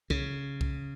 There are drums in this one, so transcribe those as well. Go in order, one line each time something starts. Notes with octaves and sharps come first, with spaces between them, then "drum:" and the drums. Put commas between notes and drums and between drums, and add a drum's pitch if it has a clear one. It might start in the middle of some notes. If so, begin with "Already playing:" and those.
C#3, drum: kick
drum: kick